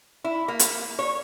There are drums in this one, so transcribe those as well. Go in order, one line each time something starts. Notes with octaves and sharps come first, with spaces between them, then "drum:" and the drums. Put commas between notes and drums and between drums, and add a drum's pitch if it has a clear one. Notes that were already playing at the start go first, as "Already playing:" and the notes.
E4
A#3
drum: hi-hat
C#5